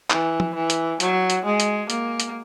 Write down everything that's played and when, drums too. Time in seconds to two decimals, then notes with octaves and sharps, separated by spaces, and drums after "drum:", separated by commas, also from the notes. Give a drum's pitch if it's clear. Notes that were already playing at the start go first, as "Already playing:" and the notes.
0.10 E3, drum: clap
0.40 drum: tom
0.55 E3
0.70 drum: hi-hat
1.00 F#3, drum: hi-hat
1.30 drum: hi-hat
1.45 G#3
1.60 drum: hi-hat
1.90 A#3, drum: hi-hat
2.20 drum: hi-hat